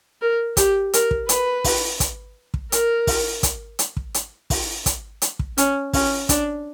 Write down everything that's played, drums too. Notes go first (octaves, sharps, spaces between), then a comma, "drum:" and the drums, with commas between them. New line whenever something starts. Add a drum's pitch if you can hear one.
A#4
G4, drum: kick, hi-hat
A#4, drum: hi-hat
drum: kick
B4, drum: hi-hat
drum: kick, open hi-hat
drum: kick, hi-hat
drum: kick
A#4, drum: hi-hat
drum: kick, open hi-hat
drum: kick, hi-hat
drum: hi-hat
drum: kick
drum: hi-hat
drum: kick, open hi-hat
drum: kick, hi-hat
drum: hi-hat
drum: kick
C#4, drum: hi-hat
C#4, drum: kick, open hi-hat
D4, drum: kick, hi-hat